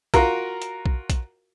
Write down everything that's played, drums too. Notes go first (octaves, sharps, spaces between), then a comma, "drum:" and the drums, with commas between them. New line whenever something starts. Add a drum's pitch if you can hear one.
F4 F#4 A#4, drum: kick A#1, hi-hat
drum: hi-hat
drum: kick A#1
drum: kick A#1, hi-hat